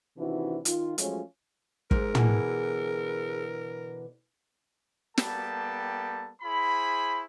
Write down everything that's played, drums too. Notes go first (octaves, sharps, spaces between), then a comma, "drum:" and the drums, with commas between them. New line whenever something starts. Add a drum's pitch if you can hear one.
C3 D#3 E3 D4 E4 F#4
D#3 F4, drum: hi-hat
F3 F#3 G#3 A3 C#4 F4, drum: hi-hat
G#2 G#4 A#4, drum: kick
B2 D3 E3, drum: tom
G3 A#3 B3 A4 G5 A5, drum: snare
E4 G#4 C5 B5